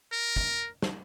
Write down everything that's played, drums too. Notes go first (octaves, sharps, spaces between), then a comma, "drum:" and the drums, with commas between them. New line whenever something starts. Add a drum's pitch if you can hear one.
A#4
drum: kick
drum: snare